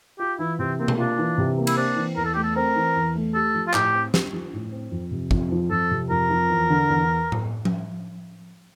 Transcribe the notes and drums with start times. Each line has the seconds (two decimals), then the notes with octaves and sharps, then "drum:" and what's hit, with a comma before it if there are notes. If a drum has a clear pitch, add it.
0.19 F4 G4
0.39 E3 E4
0.59 C3 C4
0.79 A#3 C4
0.88 drum: tom B2
0.98 D4 F4
1.18 E3
1.38 C3
1.58 A#3
1.67 E4, drum: cymbal
1.76 C4 D4
1.96 E3
2.16 E2 A#4
2.25 A4
2.34 A3 G4
2.43 A4
2.56 C4 A#4
2.76 E3
2.95 E2
3.15 A3
3.34 G4 A4
3.54 F3
3.67 F4
3.74 A2 G4, drum: clap
3.93 C4
4.14 G4, drum: snare
4.32 F3
4.53 A2
4.72 C4
4.91 F2
5.11 C3
5.31 F2, drum: kick
5.52 F3
5.70 F2 A4
5.91 C3
6.10 F2 A#4
6.30 F3
6.49 E2
6.70 D3
6.89 E2
7.32 drum: tom A2
7.65 drum: tom F3